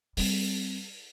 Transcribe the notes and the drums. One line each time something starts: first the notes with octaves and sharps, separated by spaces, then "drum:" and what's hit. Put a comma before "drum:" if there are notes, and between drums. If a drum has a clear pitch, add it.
G3 C4, drum: open hi-hat